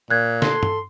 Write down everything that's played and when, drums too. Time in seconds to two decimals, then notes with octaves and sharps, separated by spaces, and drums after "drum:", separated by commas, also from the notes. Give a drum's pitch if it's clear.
0.10 A#2 F#6 G#6
0.42 A4 C6, drum: snare
0.63 drum: tom